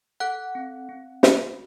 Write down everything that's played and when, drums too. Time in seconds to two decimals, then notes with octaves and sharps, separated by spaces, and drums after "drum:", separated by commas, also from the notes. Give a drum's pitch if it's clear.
0.20 A4 F#5 F#6
0.55 C4
0.89 C4
1.23 F#4, drum: snare